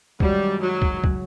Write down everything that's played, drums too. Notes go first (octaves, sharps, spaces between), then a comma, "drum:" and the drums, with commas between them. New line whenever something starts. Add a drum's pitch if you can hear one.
F#2 D#3 G3 G#3 C#4 F#4, drum: kick
F#3
drum: kick
C#3 F#3, drum: kick